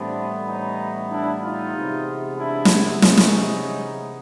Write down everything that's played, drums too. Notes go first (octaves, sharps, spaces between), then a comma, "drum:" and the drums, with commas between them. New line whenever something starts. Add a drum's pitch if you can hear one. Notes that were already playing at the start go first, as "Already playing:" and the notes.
Already playing: A2 E3 G3 B3 C4 D4
C#4 D#4
D4 E4
D#4 F4
C3 E3 G#3 B3
D4 E4
drum: snare
C#4 D#4, drum: snare
drum: snare